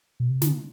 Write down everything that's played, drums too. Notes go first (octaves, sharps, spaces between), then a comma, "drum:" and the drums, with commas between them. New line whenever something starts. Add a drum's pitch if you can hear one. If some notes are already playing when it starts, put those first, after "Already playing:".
B2
C3
D3, drum: snare